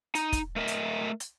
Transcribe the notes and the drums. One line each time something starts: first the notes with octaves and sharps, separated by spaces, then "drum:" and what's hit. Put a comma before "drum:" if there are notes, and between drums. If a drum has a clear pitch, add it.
D#4, drum: hi-hat
drum: kick, hi-hat
A3 A#4 D#5 E5
drum: hi-hat
drum: hi-hat